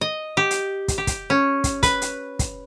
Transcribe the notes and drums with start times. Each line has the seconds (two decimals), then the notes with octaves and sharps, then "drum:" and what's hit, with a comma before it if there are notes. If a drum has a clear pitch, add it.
0.01 D#5
0.37 G4
0.51 drum: hi-hat
0.88 drum: kick, hi-hat
0.98 G4
1.07 drum: kick, hi-hat
1.30 C#4
1.64 drum: kick, hi-hat
1.83 B4, drum: kick, hi-hat
2.02 drum: hi-hat
2.39 drum: kick, hi-hat